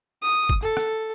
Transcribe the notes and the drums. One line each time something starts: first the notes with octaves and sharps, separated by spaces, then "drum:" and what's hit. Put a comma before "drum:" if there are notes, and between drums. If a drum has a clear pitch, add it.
D#6
drum: kick
A4
drum: rim click